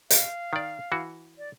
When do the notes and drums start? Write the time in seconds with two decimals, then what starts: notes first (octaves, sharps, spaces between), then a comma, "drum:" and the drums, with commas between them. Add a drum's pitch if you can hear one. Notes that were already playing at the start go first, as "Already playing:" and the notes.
0.10 F5, drum: hi-hat
0.53 D#3 D5
0.92 E3 F#4
1.38 D5